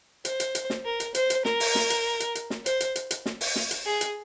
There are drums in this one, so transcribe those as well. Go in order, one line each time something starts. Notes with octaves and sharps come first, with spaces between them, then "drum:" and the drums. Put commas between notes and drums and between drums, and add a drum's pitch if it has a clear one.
C5, drum: hi-hat
drum: hi-hat
drum: hi-hat
drum: snare
A#4
drum: hi-hat
C5, drum: hi-hat
drum: hi-hat
A#4, drum: snare
drum: open hi-hat
drum: snare
drum: hi-hat
drum: hi-hat
drum: hi-hat
drum: snare
C5, drum: hi-hat
drum: hi-hat
drum: hi-hat
drum: hi-hat
drum: snare
drum: open hi-hat
drum: snare
drum: hi-hat
G#4
drum: hi-hat